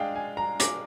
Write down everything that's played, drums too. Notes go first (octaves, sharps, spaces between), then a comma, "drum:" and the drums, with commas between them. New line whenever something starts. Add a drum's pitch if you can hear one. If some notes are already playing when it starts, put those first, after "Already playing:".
Already playing: G#3 D4 G#4 D5 F5 G5
G#5
A#5
D6, drum: hi-hat